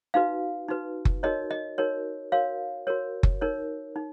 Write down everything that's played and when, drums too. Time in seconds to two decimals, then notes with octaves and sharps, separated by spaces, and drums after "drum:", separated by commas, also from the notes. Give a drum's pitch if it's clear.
0.14 D#4 F#4 B4 F5
0.68 D#4 F#4 B4
1.05 drum: kick F#1
1.23 D#4 F#4 A#4 C#5 D#5
1.51 D#5
1.78 D#4 F#4 A#4 C#5
2.32 F#4 A#4 C#5 F5
2.87 F#4 A#4 C#5
3.23 drum: kick F#1
3.41 D#4 A#4 C#5
3.96 D#4